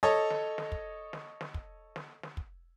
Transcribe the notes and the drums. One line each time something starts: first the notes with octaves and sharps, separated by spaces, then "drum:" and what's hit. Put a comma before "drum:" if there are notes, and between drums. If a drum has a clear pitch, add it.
A4 C#5 D#5
drum: snare
drum: snare
drum: kick
drum: snare
drum: snare
drum: kick
drum: snare
drum: snare
drum: kick